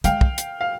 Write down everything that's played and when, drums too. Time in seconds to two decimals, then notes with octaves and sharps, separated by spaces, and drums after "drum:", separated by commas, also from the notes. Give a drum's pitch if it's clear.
0.04 G#3 F5 G5, drum: hi-hat
0.21 drum: kick
0.38 drum: hi-hat
0.61 F5